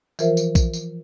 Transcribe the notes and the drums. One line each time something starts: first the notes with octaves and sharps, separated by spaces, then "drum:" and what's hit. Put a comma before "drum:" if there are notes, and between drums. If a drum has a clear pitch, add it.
E3 F3 F4 A#4 C5 E5, drum: tambourine
drum: tambourine
drum: kick A#1, tambourine
drum: tambourine